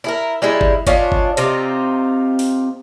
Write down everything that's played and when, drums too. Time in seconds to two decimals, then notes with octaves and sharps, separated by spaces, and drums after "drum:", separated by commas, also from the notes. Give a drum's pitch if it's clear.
0.04 E4 G#4 A#4
0.42 G3 G#3 D#4 E4
0.61 drum: kick G1
0.87 C#4 D4 F4 D#5, drum: kick G1, hi-hat
1.12 drum: kick G1
1.37 C3 C4 D#4 F4, drum: hi-hat
2.39 drum: open hi-hat